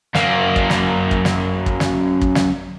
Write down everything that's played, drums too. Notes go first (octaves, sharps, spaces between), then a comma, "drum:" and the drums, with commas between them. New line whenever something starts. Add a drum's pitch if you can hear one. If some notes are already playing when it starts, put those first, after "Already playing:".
F#2 A#3, drum: snare
drum: kick
drum: snare
drum: kick
drum: snare
drum: kick
drum: snare
drum: kick
drum: snare